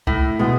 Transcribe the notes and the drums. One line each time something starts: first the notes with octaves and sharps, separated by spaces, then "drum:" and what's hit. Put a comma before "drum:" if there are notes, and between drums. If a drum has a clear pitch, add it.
A2, drum: kick C2
B2 G#3